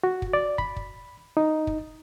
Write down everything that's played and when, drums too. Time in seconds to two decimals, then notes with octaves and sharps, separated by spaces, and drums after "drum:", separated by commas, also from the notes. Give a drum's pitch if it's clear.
0.04 F#4
0.22 drum: kick
0.33 D5
0.58 B5, drum: kick
0.76 drum: kick
1.37 D#4
1.67 drum: kick